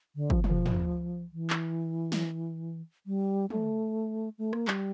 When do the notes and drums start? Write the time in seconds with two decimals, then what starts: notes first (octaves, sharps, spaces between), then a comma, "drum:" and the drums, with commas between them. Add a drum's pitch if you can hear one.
0.16 D3
0.30 F3, drum: kick
0.44 F3, drum: tom
0.66 drum: tom
1.33 E3
1.50 drum: clap
2.12 drum: snare
3.06 G3
3.50 A3, drum: tom
4.38 A3
4.53 A#3, drum: rim click
4.68 G3, drum: clap